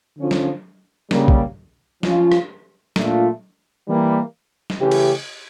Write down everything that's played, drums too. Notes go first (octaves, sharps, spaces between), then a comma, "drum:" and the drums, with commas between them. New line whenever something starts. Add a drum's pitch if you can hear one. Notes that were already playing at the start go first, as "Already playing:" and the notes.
D3 F3 C#4 F4
drum: snare
C#3 G3 A#3, drum: snare
drum: kick
F3 C#4 F4, drum: snare
drum: rim click
A#2 A3 D4 F4, drum: snare
E3 G3 A#3
drum: snare
C#3 E3 A3 C#4 G4
drum: cymbal